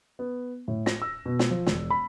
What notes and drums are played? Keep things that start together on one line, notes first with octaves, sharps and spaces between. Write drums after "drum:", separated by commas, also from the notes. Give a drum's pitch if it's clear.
B3
A2
A#6, drum: snare
E6
B2
drum: snare
F3
E1, drum: snare
B5